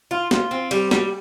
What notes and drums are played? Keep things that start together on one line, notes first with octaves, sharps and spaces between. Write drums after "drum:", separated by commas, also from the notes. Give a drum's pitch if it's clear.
F4
F4, drum: snare
C4
G3, drum: cymbal
G3, drum: snare